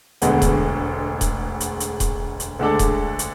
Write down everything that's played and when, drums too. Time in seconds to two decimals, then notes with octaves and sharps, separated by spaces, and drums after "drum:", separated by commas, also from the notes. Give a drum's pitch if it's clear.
0.22 E1 D2 D3 G#3 B3, drum: hi-hat
0.42 drum: kick D#1, hi-hat
1.21 drum: kick D#1, hi-hat
1.60 drum: hi-hat
1.80 drum: hi-hat
2.00 drum: kick D#1, hi-hat
2.40 drum: hi-hat
2.59 D2 D3 G#3 D4 A4
2.79 drum: kick D#1, hi-hat
3.19 drum: hi-hat